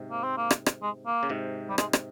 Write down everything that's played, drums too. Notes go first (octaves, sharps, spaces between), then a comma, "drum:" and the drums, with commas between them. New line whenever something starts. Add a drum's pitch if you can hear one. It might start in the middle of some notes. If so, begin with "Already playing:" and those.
Already playing: G#2 C3
A#3
C4
A#3
drum: rim click
drum: rim click
G#3
A#3
C#3
G#2 C3
G3
G#3, drum: rim click
drum: rim click